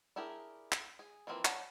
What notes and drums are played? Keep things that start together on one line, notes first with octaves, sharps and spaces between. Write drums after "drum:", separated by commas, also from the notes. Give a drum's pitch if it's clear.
D4 E4 G4 G#4 A#4
drum: clap
G#4
E3 F3 A#3 C4 B4
F#3 D4 F#5 A5 B5, drum: clap